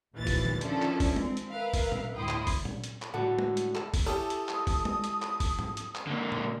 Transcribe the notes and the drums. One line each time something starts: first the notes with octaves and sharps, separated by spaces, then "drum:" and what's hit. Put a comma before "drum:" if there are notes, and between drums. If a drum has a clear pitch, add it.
A#1 D#2 E3 F3 A6
drum: kick, open hi-hat
drum: tom D3
D#3 F3 C#4 D4 E4 A4, drum: hi-hat
drum: clap
drum: kick, open hi-hat
C4, drum: tom G#3
drum: hi-hat
A#4 B4 E5 F5
drum: kick, open hi-hat
drum: tom A#2
D2 A2 E4 G5 C6 D#6
drum: clap
drum: kick, open hi-hat
drum: tom A#2
drum: hi-hat
drum: clap
A2 D3 G3 F#4 A4 F#5
drum: tom G#3
drum: hi-hat
A4, drum: clap
drum: kick, open hi-hat
C#4 E4 G4 A4 D#6
drum: hi-hat
drum: clap
drum: kick, open hi-hat
drum: tom G#3
drum: hi-hat
drum: clap
drum: kick, open hi-hat
drum: tom G#2
drum: hi-hat
drum: clap
D3 A#3
drum: tom A#2